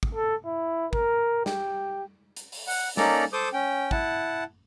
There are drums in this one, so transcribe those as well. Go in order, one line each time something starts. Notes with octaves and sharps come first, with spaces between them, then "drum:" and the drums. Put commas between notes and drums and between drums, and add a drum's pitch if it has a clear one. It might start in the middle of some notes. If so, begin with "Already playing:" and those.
drum: kick
A4
E4
A#4, drum: kick
G4, drum: snare
drum: hi-hat
drum: open hi-hat
F#5, drum: open hi-hat
A#3 C#4 D#4 A4 D5 A#5, drum: snare
A4 C5 D6 D#6 G6
C#4 G5
E4 F#5 A5, drum: kick